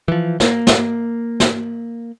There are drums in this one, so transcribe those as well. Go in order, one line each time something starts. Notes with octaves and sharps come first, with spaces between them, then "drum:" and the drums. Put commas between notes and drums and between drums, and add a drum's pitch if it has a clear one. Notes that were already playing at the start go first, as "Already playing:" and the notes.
E3 F3
A#3, drum: snare
drum: snare
drum: snare